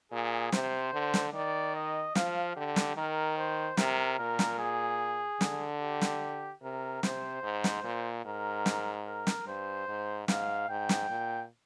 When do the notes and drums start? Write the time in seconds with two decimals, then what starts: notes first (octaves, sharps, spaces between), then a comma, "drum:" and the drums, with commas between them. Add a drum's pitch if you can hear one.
0.12 A#2 G#4
0.52 C3 C5, drum: snare
0.93 D3
1.14 drum: snare
1.34 D#3 D5
1.75 D#5
2.15 F3 F5, drum: snare
2.56 D3 G4
2.76 drum: snare
2.96 D#3 A#4
3.38 C5
3.77 C3 A#4, drum: snare
4.18 A#2 A#4
4.39 drum: snare
4.59 G#4
5.41 D3, drum: snare
5.81 G4
6.01 drum: snare
6.62 C3 A#4
7.03 C3 C5, drum: snare
7.43 G#2
7.64 drum: snare
7.84 A#2
8.25 G#2 A#4
8.66 drum: snare
9.06 A#4
9.27 drum: snare
9.46 G2 C5
9.88 G#2
10.28 G#2 F5, drum: snare
10.69 G#2 G5
10.89 drum: snare
11.09 A#2